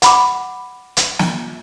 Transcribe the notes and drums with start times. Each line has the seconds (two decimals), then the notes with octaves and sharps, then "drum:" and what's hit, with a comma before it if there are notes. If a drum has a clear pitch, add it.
0.02 F#5 B5 D6, drum: hi-hat
0.97 drum: hi-hat
1.19 drum: snare